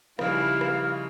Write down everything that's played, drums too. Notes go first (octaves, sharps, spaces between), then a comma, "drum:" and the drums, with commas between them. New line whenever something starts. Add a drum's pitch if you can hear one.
C#3 F3 G3 D#4 E4 F5, drum: rim click
drum: rim click